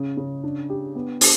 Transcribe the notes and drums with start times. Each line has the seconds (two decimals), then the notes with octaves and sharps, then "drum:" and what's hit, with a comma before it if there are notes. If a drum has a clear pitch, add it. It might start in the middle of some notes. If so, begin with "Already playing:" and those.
Already playing: C#3
0.17 C#3
0.43 D4
0.70 G4
0.95 B3
1.21 D4, drum: open hi-hat